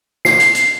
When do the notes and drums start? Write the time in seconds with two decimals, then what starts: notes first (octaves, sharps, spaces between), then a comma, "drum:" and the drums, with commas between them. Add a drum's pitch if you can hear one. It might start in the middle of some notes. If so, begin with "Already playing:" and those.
0.25 C7, drum: snare
0.40 drum: hi-hat
0.55 drum: hi-hat